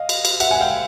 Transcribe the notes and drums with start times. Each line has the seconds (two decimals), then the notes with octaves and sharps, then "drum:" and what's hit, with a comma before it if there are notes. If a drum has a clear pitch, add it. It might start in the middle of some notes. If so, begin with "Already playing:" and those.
Already playing: D#5 F5
0.09 drum: cymbal
0.25 drum: cymbal
0.40 E5 F#5, drum: cymbal
0.51 F#5 G#5
0.60 F5 G5